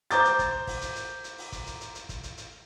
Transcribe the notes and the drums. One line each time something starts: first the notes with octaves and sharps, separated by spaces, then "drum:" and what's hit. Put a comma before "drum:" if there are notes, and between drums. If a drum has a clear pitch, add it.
C5 A#5 D6 G6 A6, drum: hi-hat
drum: hi-hat
drum: kick, hi-hat
drum: kick, open hi-hat
drum: hi-hat
drum: hi-hat
drum: hi-hat
drum: open hi-hat
drum: kick, hi-hat
drum: hi-hat
drum: hi-hat
drum: hi-hat
drum: kick, hi-hat
drum: hi-hat
drum: hi-hat